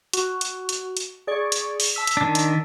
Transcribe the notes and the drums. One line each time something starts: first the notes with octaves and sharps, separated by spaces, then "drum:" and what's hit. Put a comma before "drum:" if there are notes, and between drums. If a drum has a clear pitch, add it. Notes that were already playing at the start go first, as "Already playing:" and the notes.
F#4, drum: hi-hat
drum: hi-hat
drum: hi-hat
drum: hi-hat
G#4 D5 C#6
drum: hi-hat
drum: open hi-hat
A5 E6 B6
drum: hi-hat
D#3 D4
drum: hi-hat